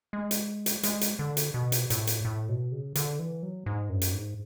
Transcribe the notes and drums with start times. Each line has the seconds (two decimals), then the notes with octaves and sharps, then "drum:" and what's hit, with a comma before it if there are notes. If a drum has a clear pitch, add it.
0.13 G#3
0.31 drum: hi-hat
0.66 drum: hi-hat
0.83 G#3, drum: hi-hat
1.01 drum: hi-hat
1.19 D3
1.37 drum: hi-hat
1.54 B2
1.72 drum: hi-hat
1.90 A2, drum: hi-hat
2.07 drum: hi-hat
2.25 A2
2.49 B2
2.72 C#3
2.95 D3, drum: hi-hat
3.19 E3
3.43 F#3
3.66 G#2
3.89 F#2
4.01 drum: hi-hat
4.13 G#2